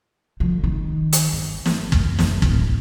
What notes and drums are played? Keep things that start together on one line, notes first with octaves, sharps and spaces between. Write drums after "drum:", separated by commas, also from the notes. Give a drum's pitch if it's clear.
D3 F3
D#3
drum: hi-hat
G1
drum: snare
F#2 D#3, drum: kick
drum: snare
D1 E4, drum: kick